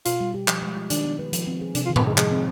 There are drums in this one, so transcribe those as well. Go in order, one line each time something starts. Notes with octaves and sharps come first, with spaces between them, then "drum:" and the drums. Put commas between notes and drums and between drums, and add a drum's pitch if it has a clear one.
B2 F4, drum: hi-hat
G3
G4
F3, drum: clap
G#3
F4
D#3 D4, drum: hi-hat
B3
B4
F3, drum: hi-hat
C4
G#4
C3 D4, drum: hi-hat
F4
D#3
B3, drum: tom A2
C3 G#3
F3 G#3, drum: clap
C4